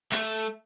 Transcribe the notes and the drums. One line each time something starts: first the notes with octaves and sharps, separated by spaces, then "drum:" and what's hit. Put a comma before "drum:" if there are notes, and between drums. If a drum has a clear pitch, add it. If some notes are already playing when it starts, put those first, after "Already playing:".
A3, drum: clap